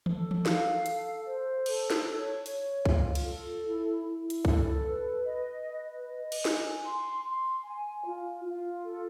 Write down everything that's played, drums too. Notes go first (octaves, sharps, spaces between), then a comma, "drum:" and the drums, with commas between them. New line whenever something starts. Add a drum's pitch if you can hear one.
A4, drum: tom D#3
drum: tom E3
F5, drum: snare
A4, drum: hi-hat
C5
A4, drum: cymbal
drum: snare
C#5
C#5, drum: open hi-hat
F4, drum: kick
drum: cymbal
A4
E4
E4
drum: hi-hat
A4, drum: kick
B4
D#5
B4
D#5
drum: cymbal
G#5, drum: snare
C6
C6
G#5
F4
F4
A4